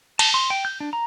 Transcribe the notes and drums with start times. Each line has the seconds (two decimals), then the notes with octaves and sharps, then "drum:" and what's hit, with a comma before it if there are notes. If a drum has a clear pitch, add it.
0.19 A5, drum: cymbal
0.34 C6
0.50 G5
0.65 G6
0.80 D4
0.93 A#5